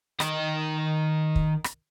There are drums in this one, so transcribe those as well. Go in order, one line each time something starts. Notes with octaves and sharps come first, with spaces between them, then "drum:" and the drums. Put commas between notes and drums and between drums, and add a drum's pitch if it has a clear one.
D#3 D#5, drum: rim click
drum: kick
drum: rim click